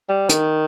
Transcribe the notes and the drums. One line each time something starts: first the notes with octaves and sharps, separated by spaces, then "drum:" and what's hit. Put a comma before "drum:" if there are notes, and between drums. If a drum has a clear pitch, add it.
G3
D#3, drum: hi-hat